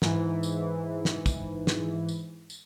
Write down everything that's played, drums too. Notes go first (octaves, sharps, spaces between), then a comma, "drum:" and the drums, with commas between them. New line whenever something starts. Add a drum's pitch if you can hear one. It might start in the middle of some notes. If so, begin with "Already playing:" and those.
G#2 E3, drum: snare
drum: tambourine
drum: snare
drum: kick, tambourine
drum: snare
drum: tambourine
drum: tambourine